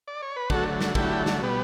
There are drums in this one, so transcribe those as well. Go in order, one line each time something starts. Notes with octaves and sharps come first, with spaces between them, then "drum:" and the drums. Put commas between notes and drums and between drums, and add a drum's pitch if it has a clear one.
D5
C#5
B4
D3 F#3 A3 F#4 A4, drum: kick
drum: snare
D3 F#3 A3 E4 G4, drum: kick
drum: snare
B2 G3 B3